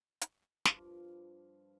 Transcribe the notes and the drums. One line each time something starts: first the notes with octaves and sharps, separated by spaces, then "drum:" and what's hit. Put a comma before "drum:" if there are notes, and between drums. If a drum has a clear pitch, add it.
drum: hi-hat
G2 F3 F4 D6, drum: snare